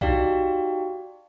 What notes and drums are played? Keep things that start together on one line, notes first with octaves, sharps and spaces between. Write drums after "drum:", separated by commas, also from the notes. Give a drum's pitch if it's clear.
D#4 F#4 G4 D5 F5 G5, drum: kick B1